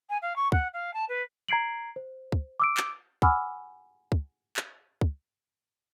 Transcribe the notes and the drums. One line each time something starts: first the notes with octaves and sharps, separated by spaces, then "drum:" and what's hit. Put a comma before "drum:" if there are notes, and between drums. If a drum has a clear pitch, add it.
G#5
F5
C#6
F#5, drum: kick
F5
A5
B4
A#5 G#6 C7 D7 F#7
C5
drum: kick
D6 E6 D7
drum: clap
F#5 G#5 B5 D6 E6 F6, drum: kick
drum: kick
drum: clap
drum: kick